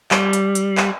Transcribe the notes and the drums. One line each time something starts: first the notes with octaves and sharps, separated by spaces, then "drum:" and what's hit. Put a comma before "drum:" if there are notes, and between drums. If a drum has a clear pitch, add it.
G3, drum: clap
drum: hi-hat
drum: hi-hat
drum: clap